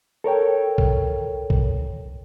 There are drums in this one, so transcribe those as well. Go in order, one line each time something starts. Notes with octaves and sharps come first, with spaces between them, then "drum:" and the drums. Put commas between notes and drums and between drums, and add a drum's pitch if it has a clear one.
A4 A#4 C#5 G5
drum: kick
drum: kick